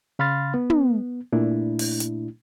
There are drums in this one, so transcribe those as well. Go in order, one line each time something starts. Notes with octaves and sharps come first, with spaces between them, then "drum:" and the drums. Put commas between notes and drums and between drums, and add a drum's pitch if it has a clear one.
C#3 F5 B5 C6 F6 A6
B3
drum: tom
A#2 A3 D4 E4
drum: open hi-hat
drum: hi-hat